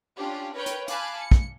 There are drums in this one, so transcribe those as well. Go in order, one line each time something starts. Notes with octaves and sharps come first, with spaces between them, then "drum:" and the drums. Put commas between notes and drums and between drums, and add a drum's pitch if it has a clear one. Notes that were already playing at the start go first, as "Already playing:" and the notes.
C#4 D4 F4 G4
A#4 B4 C#5 G5
drum: hi-hat
F5 G#5 A5 B5 D6 F#6, drum: hi-hat
C#7
drum: kick